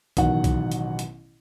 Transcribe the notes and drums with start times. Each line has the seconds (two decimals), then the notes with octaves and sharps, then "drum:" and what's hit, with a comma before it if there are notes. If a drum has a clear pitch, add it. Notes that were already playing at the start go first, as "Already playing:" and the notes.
0.17 A1 B2 D#3 F#3 F#5, drum: kick B1, hi-hat
0.44 drum: kick B1, hi-hat
0.72 drum: hi-hat
0.99 drum: hi-hat